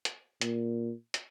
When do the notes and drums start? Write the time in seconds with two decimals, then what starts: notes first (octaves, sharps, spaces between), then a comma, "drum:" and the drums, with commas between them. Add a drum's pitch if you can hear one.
0.05 drum: hi-hat
0.41 A#2, drum: hi-hat
1.14 drum: hi-hat